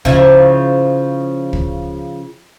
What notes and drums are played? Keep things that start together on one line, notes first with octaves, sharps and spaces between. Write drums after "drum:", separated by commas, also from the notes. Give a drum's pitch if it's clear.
C#3 F3 E4, drum: kick
drum: kick